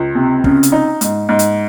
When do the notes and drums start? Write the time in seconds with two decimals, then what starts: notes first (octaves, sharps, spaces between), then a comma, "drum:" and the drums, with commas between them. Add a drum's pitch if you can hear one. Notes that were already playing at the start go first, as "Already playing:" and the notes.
Already playing: C#2
0.15 C3
0.44 C#3, drum: kick
0.63 drum: hi-hat
0.72 D#4
1.01 G#2, drum: hi-hat
1.29 G#2
1.39 drum: hi-hat